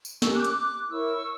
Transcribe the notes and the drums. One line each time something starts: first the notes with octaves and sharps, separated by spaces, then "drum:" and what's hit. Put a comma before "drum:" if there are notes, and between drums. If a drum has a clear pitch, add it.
drum: tambourine
C#4 G4 A#4 C#6 E6, drum: snare
D6 F#6
G6
D6 F#6, drum: hi-hat
D6 F#6
E4 A#4 C#5 C#6 E6